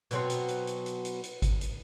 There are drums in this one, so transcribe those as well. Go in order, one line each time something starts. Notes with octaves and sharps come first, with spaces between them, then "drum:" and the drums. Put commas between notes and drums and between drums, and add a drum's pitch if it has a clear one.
B2 F#3 C4, drum: hi-hat
drum: hi-hat
drum: hi-hat
drum: hi-hat
drum: hi-hat
drum: hi-hat
drum: hi-hat
drum: kick G1, hi-hat
drum: hi-hat